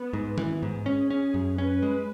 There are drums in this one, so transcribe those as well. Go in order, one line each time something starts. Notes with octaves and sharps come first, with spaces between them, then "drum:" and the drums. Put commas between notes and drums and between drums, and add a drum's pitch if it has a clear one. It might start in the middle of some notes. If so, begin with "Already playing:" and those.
Already playing: B3
G#2
E3, drum: tom D#3
G#2
C#4 G#4
C#4
F#2
C#4 B4
G#3